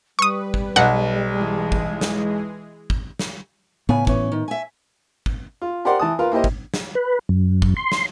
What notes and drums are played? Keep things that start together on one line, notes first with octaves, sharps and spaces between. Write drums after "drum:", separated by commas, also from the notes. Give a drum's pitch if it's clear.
G3 B4 C#6 D#6
drum: kick
B1 F#5
E3 G#3 G#4
drum: kick
drum: snare
drum: kick
drum: snare
A2 C#3 B3 G#5
E3 C#4, drum: kick
D#3
E5 G#5
drum: kick
F4
G4 A#4 C5 D5 F#5 C6
E3 A5 D#6
F4 A#4 B4 F5
A#3 E4 G4 C5 D#5
drum: kick
drum: snare
B4
F#2
drum: kick
C6
drum: snare